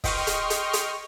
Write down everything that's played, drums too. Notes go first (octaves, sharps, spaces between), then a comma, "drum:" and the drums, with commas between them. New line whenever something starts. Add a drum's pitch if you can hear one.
D#5 G5 C6 C#6 D#6 F6, drum: kick, open hi-hat
drum: hi-hat
drum: hi-hat
drum: hi-hat